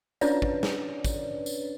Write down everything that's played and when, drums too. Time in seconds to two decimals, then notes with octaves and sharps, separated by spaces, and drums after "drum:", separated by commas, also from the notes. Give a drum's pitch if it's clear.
0.21 C#4 D4 B4 C#5 D5, drum: tambourine
0.42 drum: kick
0.63 drum: snare
1.05 drum: kick, tambourine
1.46 drum: tambourine